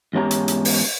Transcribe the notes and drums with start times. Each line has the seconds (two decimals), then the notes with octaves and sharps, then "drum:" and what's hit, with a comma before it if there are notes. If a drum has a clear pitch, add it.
0.13 E2 G#2 C#4 G4 A#5
0.31 drum: hi-hat
0.48 drum: hi-hat
0.65 drum: open hi-hat